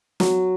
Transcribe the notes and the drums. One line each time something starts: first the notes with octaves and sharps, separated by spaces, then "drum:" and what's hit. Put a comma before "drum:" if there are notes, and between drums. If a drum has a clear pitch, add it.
F#3, drum: snare